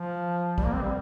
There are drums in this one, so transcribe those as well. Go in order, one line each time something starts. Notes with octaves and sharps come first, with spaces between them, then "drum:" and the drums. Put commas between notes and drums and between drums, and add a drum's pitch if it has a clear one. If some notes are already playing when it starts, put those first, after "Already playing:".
Already playing: F3
G3, drum: kick
A#3
C4
G3